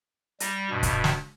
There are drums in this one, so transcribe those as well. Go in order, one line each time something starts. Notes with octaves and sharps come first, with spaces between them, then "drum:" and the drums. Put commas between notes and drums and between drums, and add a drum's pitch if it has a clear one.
G3 A#6, drum: hi-hat
G2 B2
drum: kick, hi-hat
drum: snare